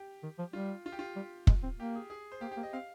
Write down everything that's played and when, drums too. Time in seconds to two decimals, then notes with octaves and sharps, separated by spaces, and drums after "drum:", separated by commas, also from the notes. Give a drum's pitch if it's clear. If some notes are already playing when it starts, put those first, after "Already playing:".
Already playing: G4
0.23 D#3
0.39 F3
0.53 G3 F4
0.86 F4
0.92 G4
0.99 F4
1.16 G3
1.47 G#3, drum: kick
1.63 C4
1.79 A#3 G4
1.95 G#4
2.10 G#4
2.32 C5
2.41 A#3 G4
2.52 G4
2.57 A#3
2.63 D#5
2.73 C4 F5